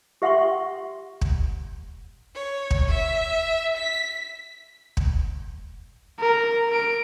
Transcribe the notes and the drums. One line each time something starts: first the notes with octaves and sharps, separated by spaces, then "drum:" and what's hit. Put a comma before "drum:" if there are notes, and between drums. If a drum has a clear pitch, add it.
G4 E5 F#5 G5 C6 C#6
drum: kick
C#5
drum: kick
E5
B6
drum: kick
A#4
A#4 D7